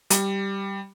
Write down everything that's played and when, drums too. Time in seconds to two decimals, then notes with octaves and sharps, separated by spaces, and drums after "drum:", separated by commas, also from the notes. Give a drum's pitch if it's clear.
0.10 G3, drum: hi-hat